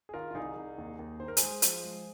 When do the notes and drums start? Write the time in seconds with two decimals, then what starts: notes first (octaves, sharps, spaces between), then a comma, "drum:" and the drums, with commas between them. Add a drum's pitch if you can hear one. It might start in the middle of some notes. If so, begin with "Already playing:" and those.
0.09 G#4
0.14 D#3 F4 A#4
0.31 F4
0.35 C2 D#4 G#4
0.56 C2
0.78 D#2
0.99 D#2
1.20 D#3 C5
1.28 A#4
1.37 G#3 G#4 C5, drum: hi-hat
1.62 F3, drum: hi-hat
1.84 G#3